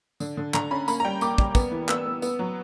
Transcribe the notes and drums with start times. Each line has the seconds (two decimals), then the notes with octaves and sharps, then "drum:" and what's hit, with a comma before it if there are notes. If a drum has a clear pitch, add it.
0.20 D3, drum: tambourine
0.37 D3
0.54 D3 A#5, drum: clap
0.71 C#4 B5
0.88 A#3 B5, drum: tambourine
1.00 A#5
1.05 G3 G5
1.21 A#3 D6, drum: tambourine
1.38 G3, drum: kick
1.55 B3, drum: kick, tambourine
1.71 E3
1.89 B3 E6, drum: clap
2.06 B3
2.22 B3, drum: tambourine
2.39 F#3